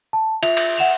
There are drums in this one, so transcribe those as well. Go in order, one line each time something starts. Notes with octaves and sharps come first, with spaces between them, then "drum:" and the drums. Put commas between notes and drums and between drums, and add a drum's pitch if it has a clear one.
A5
F4 E5 F7, drum: cymbal
drum: cymbal
E5 F#5 E7 F7